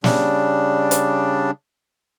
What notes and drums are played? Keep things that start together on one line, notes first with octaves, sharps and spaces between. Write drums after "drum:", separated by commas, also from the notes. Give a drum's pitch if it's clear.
C#3 G3 D4, drum: snare
drum: hi-hat